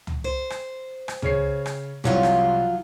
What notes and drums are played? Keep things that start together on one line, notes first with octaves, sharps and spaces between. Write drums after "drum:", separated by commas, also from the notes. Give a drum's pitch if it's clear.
drum: tom C#2
C5
drum: rim click
drum: rim click
C#3 C#5 C7, drum: tom C#2
drum: rim click
C2 C3 F3 F#3 F4 C#5
drum: rim click